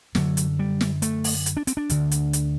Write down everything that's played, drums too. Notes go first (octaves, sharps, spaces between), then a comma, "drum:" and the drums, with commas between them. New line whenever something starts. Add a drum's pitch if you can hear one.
F#2 D3 F#3, drum: snare
drum: hi-hat
G3
drum: snare
A3, drum: hi-hat
drum: open hi-hat
drum: hi-hat
D4
C4, drum: hi-hat
D4
D2 D3, drum: hi-hat
drum: hi-hat
drum: hi-hat